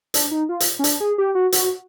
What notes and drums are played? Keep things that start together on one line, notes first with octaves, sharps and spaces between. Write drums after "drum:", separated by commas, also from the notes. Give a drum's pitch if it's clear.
D4, drum: hi-hat
D#4
F4
drum: hi-hat
C#4
D4, drum: hi-hat
G#4
G4
F#4
F#4, drum: hi-hat